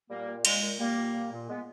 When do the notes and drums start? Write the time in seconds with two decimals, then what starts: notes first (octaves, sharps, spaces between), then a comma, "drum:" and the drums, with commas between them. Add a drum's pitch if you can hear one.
0.10 A#2 G3 A#3
0.27 A#2
0.45 A#2 G#3, drum: cymbal
0.62 A#2
0.79 A#2 G3 A#3
0.97 A#2
1.14 A#2
1.32 A#2
1.49 G#3 B3